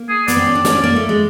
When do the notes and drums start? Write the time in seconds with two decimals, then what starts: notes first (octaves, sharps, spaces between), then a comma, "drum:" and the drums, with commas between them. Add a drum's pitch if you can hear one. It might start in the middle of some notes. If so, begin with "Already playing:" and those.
Already playing: A#3
0.09 G#4
0.28 B3 D5, drum: hi-hat
0.37 C4
0.46 C#4
0.55 D4
0.65 C#4, drum: snare
0.83 A#3
0.96 A3
1.09 G#3